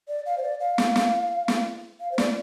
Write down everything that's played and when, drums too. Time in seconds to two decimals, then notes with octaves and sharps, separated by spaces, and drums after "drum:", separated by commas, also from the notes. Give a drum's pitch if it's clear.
0.08 D5
0.26 F5
0.38 C5
0.43 D5
0.60 F5
0.78 drum: snare
0.96 drum: snare
1.48 drum: snare
2.00 F5
2.12 C5
2.18 D5, drum: snare